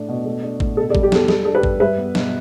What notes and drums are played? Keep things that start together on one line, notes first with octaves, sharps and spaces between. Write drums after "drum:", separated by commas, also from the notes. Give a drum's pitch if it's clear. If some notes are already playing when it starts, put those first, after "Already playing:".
Already playing: A2 A3 D4
B2
A3
D4
A2, drum: kick G#1
B2 A4
A4 D5
G3, drum: kick G#1
G4
E2 A4, drum: snare
G3 A4, drum: snare
D4 A4
G4 B4
G2, drum: kick G#1
G3 B4 E5
B3
B2, drum: snare